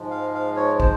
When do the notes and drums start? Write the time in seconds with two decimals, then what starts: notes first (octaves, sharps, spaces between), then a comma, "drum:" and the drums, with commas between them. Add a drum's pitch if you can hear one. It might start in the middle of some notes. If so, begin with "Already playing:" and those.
Already playing: G#2 F3 G#3
0.10 F5
0.34 F5
0.56 C#5
0.80 C5, drum: kick